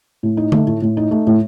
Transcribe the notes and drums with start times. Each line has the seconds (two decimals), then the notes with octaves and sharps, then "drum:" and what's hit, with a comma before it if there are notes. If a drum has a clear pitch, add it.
0.23 A2
0.37 D#4
0.52 A3, drum: tom D3
0.67 A2
0.82 A2
0.97 D#4
1.11 A3
1.27 A2